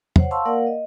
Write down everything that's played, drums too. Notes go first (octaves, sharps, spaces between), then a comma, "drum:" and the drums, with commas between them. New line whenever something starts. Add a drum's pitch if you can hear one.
C5 C#5 F#5, drum: tom
F5 A5 C6 C#6 E6
A#3 A#4 D5 F5 F#5
D#5